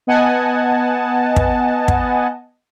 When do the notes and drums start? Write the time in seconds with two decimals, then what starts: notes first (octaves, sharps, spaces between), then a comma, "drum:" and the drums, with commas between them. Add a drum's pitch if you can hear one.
0.07 B3 D#5 F#5 G#5 A5
1.36 drum: kick
1.88 drum: kick